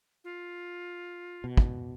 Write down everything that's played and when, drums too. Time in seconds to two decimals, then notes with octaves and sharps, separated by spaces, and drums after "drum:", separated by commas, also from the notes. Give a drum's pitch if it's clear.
0.24 F4
1.44 B2
1.57 drum: kick